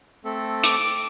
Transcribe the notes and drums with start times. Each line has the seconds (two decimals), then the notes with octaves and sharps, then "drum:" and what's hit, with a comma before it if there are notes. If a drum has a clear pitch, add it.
0.25 A3 C4 A4
0.64 D6, drum: hi-hat